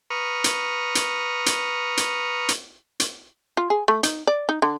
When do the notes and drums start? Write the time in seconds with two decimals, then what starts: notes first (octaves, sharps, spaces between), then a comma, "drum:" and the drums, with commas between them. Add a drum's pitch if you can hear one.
0.10 B4 A#5 C#6 D#6 F6
0.44 drum: hi-hat
0.95 drum: hi-hat
1.46 drum: hi-hat
1.97 drum: hi-hat
2.49 drum: hi-hat
3.00 drum: hi-hat
3.57 F4
3.70 G#4
3.88 A3
4.03 D#4, drum: hi-hat
4.27 D5
4.49 D#4
4.62 D3